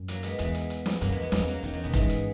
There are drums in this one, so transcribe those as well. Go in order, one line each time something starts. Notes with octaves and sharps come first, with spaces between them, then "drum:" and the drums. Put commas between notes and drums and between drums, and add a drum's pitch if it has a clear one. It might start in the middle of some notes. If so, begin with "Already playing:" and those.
Already playing: F#2
F#3 A#3, drum: hi-hat
G#3 B3, drum: hi-hat
E2 E3 G#3, drum: hi-hat
drum: hi-hat
drum: hi-hat
drum: snare
F#2 F#3 A#3, drum: hi-hat
G#3 B3
E2
G#3 B3
E2 A#3 C#4, drum: snare
F#3 A#3
E2 D#3 F#3
D#3 F#3
A#2 G#3 B3
G#2 E3 G#3, drum: kick F1, hi-hat
drum: hi-hat